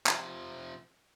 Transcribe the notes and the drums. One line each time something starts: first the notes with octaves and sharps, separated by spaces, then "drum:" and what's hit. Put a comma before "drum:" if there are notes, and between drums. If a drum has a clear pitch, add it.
C3 F3, drum: clap